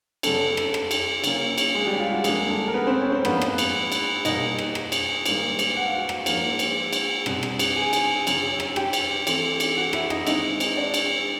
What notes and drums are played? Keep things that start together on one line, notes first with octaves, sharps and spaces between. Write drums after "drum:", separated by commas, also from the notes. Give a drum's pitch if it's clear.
F#2 C#3 F#3 A3 B3 D4 A4, drum: cymbal
drum: rim click
drum: rim click
drum: cymbal
C#3 F#3 A#3 C#4, drum: cymbal
drum: cymbal
G#3 G#4
G3 G4
F4
F#4
F2 D3 G3 G#3 A#3 G#4, drum: cymbal
A3 A4
A#4
B3 B4
C4 C5
C#4 C#5
C4 C5
G#2 F3 A#3 B3 D4 F4 B4, drum: rim click
drum: rim click
drum: cymbal
drum: cymbal
B2 G3 A#3 D#4 D#5, drum: cymbal
drum: rim click
drum: rim click
drum: cymbal
G#2 D#3 G3 A#3, drum: cymbal
drum: cymbal
F#5
F5
F#4 F#5
drum: rim click
G#2 F3 A#3 C#4, drum: cymbal
drum: cymbal
drum: cymbal
B2 G3 C4, drum: rim click
drum: rim click
drum: cymbal
G#4 G#5
drum: cymbal
F#2 C#3 F#3, drum: cymbal
drum: rim click
G4 G5, drum: rim click
drum: cymbal
E3 A3 C4, drum: cymbal
drum: cymbal
F#4 F#5
E4 E5, drum: rim click
D#4 D#5, drum: rim click
D#3 G#3 C4 D#4 D#5, drum: cymbal
drum: cymbal
D4 D5
drum: cymbal